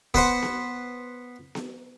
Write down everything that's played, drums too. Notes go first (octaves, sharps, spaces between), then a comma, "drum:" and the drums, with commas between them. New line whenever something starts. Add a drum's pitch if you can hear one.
B3 B4 C5 F#5, drum: kick
drum: snare B3
drum: snare B3